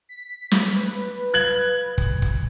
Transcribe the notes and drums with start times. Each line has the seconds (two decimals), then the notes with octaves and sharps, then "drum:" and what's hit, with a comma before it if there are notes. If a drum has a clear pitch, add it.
0.09 B6
0.51 drum: snare
0.76 B4
1.34 F#6 G#6 F#7
1.98 drum: kick
2.22 drum: kick